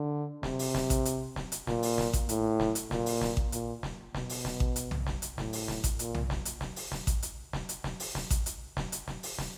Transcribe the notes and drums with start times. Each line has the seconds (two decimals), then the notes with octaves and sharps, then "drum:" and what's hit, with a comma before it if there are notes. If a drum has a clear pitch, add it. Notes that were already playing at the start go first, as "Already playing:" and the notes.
Already playing: D3
0.43 C3, drum: snare
0.59 drum: open hi-hat
0.75 drum: snare
0.90 drum: kick A1, hi-hat
1.05 drum: hi-hat
1.36 drum: snare
1.52 drum: hi-hat
1.67 A#2, drum: snare
1.83 drum: open hi-hat
1.98 drum: snare
2.13 drum: kick A1, hi-hat
2.29 A2, drum: hi-hat
2.60 drum: snare
2.75 drum: hi-hat
2.91 A#2, drum: snare
3.06 drum: open hi-hat
3.21 drum: snare
3.37 drum: kick A1
3.52 A#2, drum: hi-hat
3.83 drum: snare
4.15 B2, drum: snare
4.29 drum: open hi-hat
4.45 drum: snare
4.60 drum: kick A1
4.76 drum: hi-hat
4.91 drum: tom B1
5.07 drum: snare
5.22 drum: hi-hat
5.38 A2, drum: snare
5.53 drum: open hi-hat
5.68 drum: snare
5.84 drum: kick A1, hi-hat
5.99 A#2, drum: hi-hat
6.15 drum: tom B1
6.30 drum: snare
6.45 drum: hi-hat
6.61 drum: snare
6.76 drum: open hi-hat
6.92 drum: snare
7.07 drum: kick A1, hi-hat
7.22 drum: hi-hat
7.53 drum: snare
7.69 drum: hi-hat
7.84 drum: snare
8.00 drum: open hi-hat
8.15 drum: snare
8.30 drum: kick A1, hi-hat
8.46 drum: hi-hat
8.77 drum: snare
8.92 drum: hi-hat
9.08 drum: snare
9.23 drum: open hi-hat
9.38 drum: snare